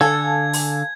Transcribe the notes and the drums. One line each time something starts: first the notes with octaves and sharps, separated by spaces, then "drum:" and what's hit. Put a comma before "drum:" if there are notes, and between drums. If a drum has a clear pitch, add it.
D3 A4 F5 G#5 A5 G#6
drum: open hi-hat